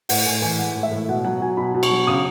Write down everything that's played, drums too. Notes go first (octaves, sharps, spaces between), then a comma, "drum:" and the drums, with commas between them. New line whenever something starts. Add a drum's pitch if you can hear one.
A2 F#5, drum: open hi-hat
A2 G#5
E3 G#5
G#3 F#5
A2
E5
A2
B2 F#5
F#3 F#5
F#3 G#5
B2 B5
B2
C#6, drum: cymbal
F#3
C#3 D#6